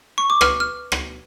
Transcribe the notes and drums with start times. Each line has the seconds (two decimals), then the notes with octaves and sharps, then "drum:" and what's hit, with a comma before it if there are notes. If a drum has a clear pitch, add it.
0.18 C#6
0.30 D6
0.41 B4 F6, drum: rim click
0.60 F6
0.92 drum: rim click